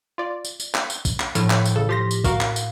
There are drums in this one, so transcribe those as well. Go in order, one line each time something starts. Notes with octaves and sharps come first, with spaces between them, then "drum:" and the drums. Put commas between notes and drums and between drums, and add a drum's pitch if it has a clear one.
F4 D5
drum: tambourine
drum: tambourine
drum: clap
drum: tambourine
drum: kick, tambourine
drum: clap
A2 D3 F3, drum: tambourine
drum: clap
drum: tambourine
A1 C#3 A4
F3 G4 C6 A#6
drum: tambourine
F#4 A#4 F5, drum: kick, tambourine
drum: clap
drum: tambourine